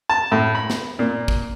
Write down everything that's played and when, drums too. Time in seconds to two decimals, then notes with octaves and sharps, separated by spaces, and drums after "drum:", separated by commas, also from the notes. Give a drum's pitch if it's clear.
0.09 A5
0.32 A2
0.55 B5
0.70 drum: snare
0.99 A#2
1.28 drum: kick